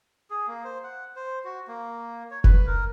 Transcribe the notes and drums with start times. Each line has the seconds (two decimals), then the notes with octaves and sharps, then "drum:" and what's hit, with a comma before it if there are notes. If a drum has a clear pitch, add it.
0.30 G#4
0.47 A#3
0.64 C5
0.84 F#5
1.16 C5
1.44 F#4
1.68 A#3
2.31 C#5
2.44 B4, drum: kick F1
2.66 A#4